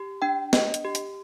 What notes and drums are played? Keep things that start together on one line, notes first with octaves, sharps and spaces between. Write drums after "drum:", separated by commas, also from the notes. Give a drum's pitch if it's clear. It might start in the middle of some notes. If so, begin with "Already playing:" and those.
Already playing: G4
D4 G5
D4 D#5, drum: snare
drum: hi-hat
G4
drum: hi-hat